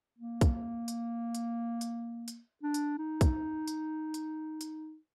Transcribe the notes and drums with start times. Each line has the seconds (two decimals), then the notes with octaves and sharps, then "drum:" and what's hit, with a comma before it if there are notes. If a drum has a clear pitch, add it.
0.19 A#3
0.41 drum: kick, hi-hat
0.88 drum: hi-hat
1.35 drum: hi-hat
1.81 drum: hi-hat
2.28 drum: hi-hat
2.63 D4
2.74 drum: hi-hat
2.98 D#4
3.21 drum: kick, hi-hat
3.68 drum: hi-hat
4.14 drum: hi-hat
4.61 drum: hi-hat